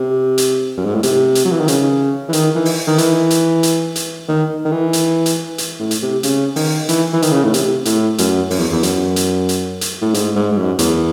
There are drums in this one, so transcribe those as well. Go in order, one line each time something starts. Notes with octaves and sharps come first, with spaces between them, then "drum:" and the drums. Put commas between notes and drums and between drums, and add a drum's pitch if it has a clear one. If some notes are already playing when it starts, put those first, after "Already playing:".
Already playing: C3
drum: hi-hat
F#2
G#2
A2
C3, drum: hi-hat
drum: hi-hat
F#3
E3
D#3
C#3, drum: hi-hat
E3
D#3, drum: hi-hat
E3
drum: open hi-hat
D#3
E3, drum: hi-hat
drum: hi-hat
drum: hi-hat
drum: hi-hat
D#3
D#3
E3
drum: hi-hat
drum: hi-hat
drum: hi-hat
A2
drum: hi-hat
C3
C#3, drum: hi-hat
D#3, drum: open hi-hat
E3, drum: hi-hat
E3
D#3, drum: hi-hat
C#3
A2
C3, drum: hi-hat
A2, drum: hi-hat
F#2, drum: hi-hat
F#2, drum: open hi-hat
E2
E2
F#2, drum: hi-hat
drum: hi-hat
drum: hi-hat
drum: hi-hat
A2
G#2, drum: hi-hat
G#2
G#2
F#2
E2, drum: hi-hat